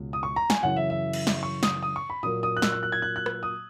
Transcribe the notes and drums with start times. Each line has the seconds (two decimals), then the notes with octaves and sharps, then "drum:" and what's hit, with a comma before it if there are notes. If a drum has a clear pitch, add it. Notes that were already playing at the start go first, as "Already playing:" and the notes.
Already playing: C#2 B2 G#3
0.13 D#6
0.23 C#6
0.36 A#5
0.50 G#5, drum: snare
0.63 F#2 C#3 E3 F#5
0.76 E5
0.90 E5
1.13 drum: cymbal
1.27 drum: snare
1.43 C#6
1.63 D#6, drum: snare
1.83 D#6
1.96 C#6
2.10 B5
2.23 A#2 F#3 A#3 D#6
2.43 D#6
2.57 F#6
2.62 E6, drum: snare
2.72 F#6
2.83 F#6
2.92 G#6
3.02 F#6
3.16 F#6
3.26 drum: rim click
3.43 D#6